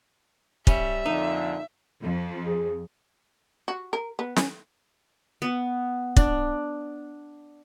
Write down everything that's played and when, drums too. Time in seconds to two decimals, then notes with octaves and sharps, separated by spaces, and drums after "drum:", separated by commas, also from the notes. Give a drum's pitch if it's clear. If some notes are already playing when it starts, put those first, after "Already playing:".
0.67 G3 C#4 E5, drum: kick
1.06 F2 A#2 D3 D#4
2.03 F2
2.46 G#4
3.68 F#4
3.93 A#4
4.19 B3
4.36 C#4, drum: snare
5.42 B3
6.16 D4, drum: kick